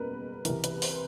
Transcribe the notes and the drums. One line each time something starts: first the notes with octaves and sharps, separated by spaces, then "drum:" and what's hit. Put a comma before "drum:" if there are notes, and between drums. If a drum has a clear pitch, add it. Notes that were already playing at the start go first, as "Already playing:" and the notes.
Already playing: F#1 E2 B2 G3 A#4 B4
C2 C3 E3 A#4, drum: hi-hat
B4, drum: hi-hat
C5, drum: open hi-hat